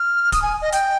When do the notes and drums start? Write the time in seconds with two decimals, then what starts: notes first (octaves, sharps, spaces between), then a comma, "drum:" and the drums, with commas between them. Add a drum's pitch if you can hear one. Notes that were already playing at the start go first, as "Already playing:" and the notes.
Already playing: F6
0.32 D#6, drum: kick D1, hi-hat
0.42 G#5
0.62 D#5
0.72 G5, drum: hi-hat